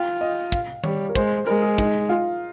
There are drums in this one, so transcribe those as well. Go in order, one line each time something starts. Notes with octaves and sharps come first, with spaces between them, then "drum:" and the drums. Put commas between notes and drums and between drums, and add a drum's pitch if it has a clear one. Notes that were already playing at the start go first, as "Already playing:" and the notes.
Already playing: F4 G5
D#5
F5, drum: kick
G3 C#5, drum: tom D#3
A#4
G#3 C5, drum: kick
G#3 A#4
G#4
D#4, drum: kick
F4